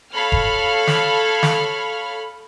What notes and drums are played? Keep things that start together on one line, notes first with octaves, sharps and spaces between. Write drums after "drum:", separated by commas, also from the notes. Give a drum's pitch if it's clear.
A4 C#5 F5 B5 F6
drum: kick E1
drum: snare
drum: snare